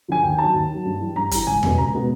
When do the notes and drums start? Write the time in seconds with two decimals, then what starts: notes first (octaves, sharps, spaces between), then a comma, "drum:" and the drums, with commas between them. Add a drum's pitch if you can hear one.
0.08 D3 F3 G#5
0.23 D#2 G5
0.38 D#3 F#3 A5
0.54 D#2
0.69 D#3
0.74 F#3
0.85 G2
1.00 E3 G3
1.16 G2 A#5
1.31 E3 G3 A#5, drum: kick, hi-hat
1.47 C#2 G#5
1.63 B2 G#3 B3, drum: tom E2
1.78 C#2 A#5
1.94 B2 G#3 B3